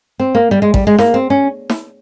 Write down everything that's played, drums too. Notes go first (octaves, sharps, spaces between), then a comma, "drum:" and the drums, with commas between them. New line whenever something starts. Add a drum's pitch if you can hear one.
C4
A#3
G3
G#3
G3, drum: kick A1
G#3
A#3, drum: snare
C4
C#4
drum: snare